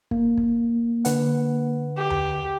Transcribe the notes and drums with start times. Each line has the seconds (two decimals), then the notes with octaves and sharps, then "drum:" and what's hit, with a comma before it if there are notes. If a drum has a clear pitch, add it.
0.11 A#3, drum: kick
0.37 drum: kick
1.05 D3 B4 F#5, drum: hi-hat
1.97 G4
2.10 drum: tom D#2